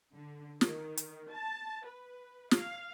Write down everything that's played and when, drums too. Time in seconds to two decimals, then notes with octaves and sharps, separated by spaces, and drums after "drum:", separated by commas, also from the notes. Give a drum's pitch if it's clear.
0.13 D3
0.61 D#3, drum: snare
0.97 drum: hi-hat
1.28 A5
1.85 B4
2.51 F5, drum: snare